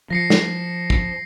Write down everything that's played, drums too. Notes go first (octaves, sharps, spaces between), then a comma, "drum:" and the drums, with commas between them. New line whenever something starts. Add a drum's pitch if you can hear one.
F3 A#6 C7 C#7
drum: snare
drum: kick